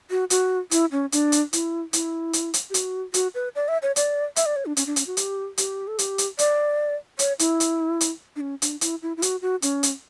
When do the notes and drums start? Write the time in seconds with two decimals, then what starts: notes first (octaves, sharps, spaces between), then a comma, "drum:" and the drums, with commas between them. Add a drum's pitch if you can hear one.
0.10 F#4
0.30 F#4, drum: hi-hat
0.71 E4, drum: hi-hat
0.92 C#4
1.12 D4, drum: hi-hat
1.32 drum: hi-hat
1.53 E4, drum: hi-hat
1.93 E4, drum: hi-hat
2.33 drum: hi-hat
2.54 drum: hi-hat
2.70 G4
2.74 F#4, drum: hi-hat
3.14 F#4, drum: hi-hat
3.35 B4
3.55 D5
3.68 E5
3.82 C#5
3.96 D5, drum: hi-hat
4.36 E5, drum: hi-hat
4.46 D5
4.56 C#5
4.66 D4
4.77 C#4, drum: hi-hat
4.86 D4
4.96 C#4, drum: hi-hat
5.07 F#4
5.17 G4, drum: hi-hat
5.58 G4, drum: hi-hat
5.87 A4
5.99 G4, drum: hi-hat
6.18 drum: hi-hat
6.39 D5, drum: hi-hat
7.19 C#5, drum: hi-hat
7.39 E4, drum: hi-hat
7.60 drum: hi-hat
8.01 drum: hi-hat
8.36 D4
8.41 C#4
8.62 D4, drum: hi-hat
8.81 E4, drum: hi-hat
9.02 E4
9.17 E4
9.22 F#4, drum: hi-hat
9.42 F#4
9.62 C#4, drum: hi-hat
9.83 drum: hi-hat